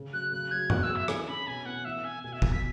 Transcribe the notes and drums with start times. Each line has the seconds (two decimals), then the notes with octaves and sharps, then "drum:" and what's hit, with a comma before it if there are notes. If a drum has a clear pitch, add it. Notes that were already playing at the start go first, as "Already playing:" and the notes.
Already playing: C#3
0.13 F#3 F#6
0.32 C#3 F#6
0.51 F#3 G#6
0.70 B3 F#6, drum: tom G2
0.83 E6
0.89 G#4
0.96 E5
1.08 E3 G#5, drum: rim click
1.28 C#4 B5
1.47 B2 G#5
1.66 B3 F#5
1.85 E3 E5
2.04 B3 G#5
2.23 B2 G#5
2.33 E5
2.42 B3 G#5, drum: kick
2.52 B6